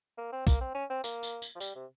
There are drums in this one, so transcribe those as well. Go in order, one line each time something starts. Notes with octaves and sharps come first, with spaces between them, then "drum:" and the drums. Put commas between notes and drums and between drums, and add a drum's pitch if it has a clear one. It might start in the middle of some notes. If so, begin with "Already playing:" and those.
A#3
C4
A#3, drum: kick, tambourine
C4
C#4
C4
A#3, drum: tambourine
drum: tambourine
drum: tambourine
F3
G3, drum: tambourine
C3